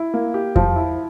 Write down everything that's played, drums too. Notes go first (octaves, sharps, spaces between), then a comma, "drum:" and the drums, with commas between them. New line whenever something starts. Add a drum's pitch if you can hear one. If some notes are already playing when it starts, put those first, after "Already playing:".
Already playing: E4
A#3
G4
F3, drum: kick F2
E4